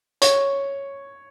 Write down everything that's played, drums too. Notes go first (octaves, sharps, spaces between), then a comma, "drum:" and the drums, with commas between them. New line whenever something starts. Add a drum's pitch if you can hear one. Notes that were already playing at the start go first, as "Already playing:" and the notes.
C#5, drum: hi-hat